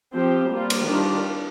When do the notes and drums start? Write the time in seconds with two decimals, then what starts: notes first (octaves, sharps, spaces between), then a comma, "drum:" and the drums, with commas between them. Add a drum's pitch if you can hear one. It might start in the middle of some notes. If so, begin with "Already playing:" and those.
0.12 F3 C4 G4 C5
0.49 G3 A#3 F4
0.70 drum: cymbal
0.87 D#3 G3 D4 F4